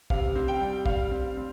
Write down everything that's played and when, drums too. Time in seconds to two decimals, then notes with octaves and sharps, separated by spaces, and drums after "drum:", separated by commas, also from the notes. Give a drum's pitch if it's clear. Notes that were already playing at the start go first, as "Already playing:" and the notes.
0.10 C3 F5, drum: kick
0.35 C4
0.48 G5
0.61 G3
0.86 G3 F5, drum: kick
1.11 C4
1.37 C4